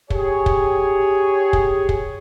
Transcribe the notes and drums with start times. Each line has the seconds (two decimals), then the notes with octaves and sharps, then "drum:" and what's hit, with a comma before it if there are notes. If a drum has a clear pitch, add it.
0.10 G4 G#4 C#5, drum: kick
0.46 drum: kick
1.53 drum: kick
1.89 drum: kick